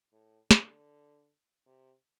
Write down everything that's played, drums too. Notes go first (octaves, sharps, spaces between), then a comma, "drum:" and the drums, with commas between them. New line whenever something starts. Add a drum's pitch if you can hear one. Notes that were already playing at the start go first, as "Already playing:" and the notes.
A2
D3, drum: snare
C3